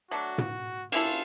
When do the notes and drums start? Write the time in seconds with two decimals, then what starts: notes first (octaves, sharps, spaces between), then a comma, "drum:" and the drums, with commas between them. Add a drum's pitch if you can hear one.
0.11 F#3 A3 D4 F#4
0.38 drum: tom
0.92 A#3 C#4 E4 F4 A4, drum: cymbal